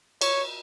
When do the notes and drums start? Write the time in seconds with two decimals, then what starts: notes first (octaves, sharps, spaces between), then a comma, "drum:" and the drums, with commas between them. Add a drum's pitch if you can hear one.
0.21 C#5, drum: cymbal